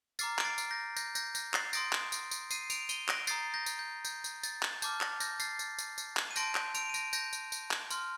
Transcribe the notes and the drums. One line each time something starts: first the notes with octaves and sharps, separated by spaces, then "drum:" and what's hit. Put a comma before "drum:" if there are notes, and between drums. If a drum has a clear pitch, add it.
A#5 D6 F6 A6 C7, drum: tambourine
D7, drum: clap
A6 C7
drum: tambourine
G6 A#6
G6 A#6, drum: tambourine
G6 A#6, drum: tambourine
G6 A#6, drum: tambourine
A6 C7, drum: clap
C6 D#6 G6 A#6 D7, drum: tambourine
drum: clap
drum: tambourine
drum: tambourine
C7 D#7, drum: tambourine
D7 F7, drum: tambourine
D#7 G7, drum: tambourine
A#6 D7, drum: clap
A#5 D#6 G6 A6 C7, drum: tambourine
G6 A#6
drum: tambourine
G6
G6, drum: tambourine
drum: tambourine
A6, drum: tambourine
drum: clap
A5 D6 F6 G6, drum: tambourine
A6, drum: clap
G6 A#6, drum: tambourine
A6 C7, drum: tambourine
drum: tambourine
drum: tambourine
drum: tambourine
drum: clap
D#7
A5 C6 G6 A#6 D7, drum: tambourine
G6, drum: clap
D7 F7, drum: tambourine
D#7
A#6 D7, drum: tambourine
G6 A#6, drum: tambourine
drum: tambourine
drum: tambourine
drum: clap
C6 F6, drum: tambourine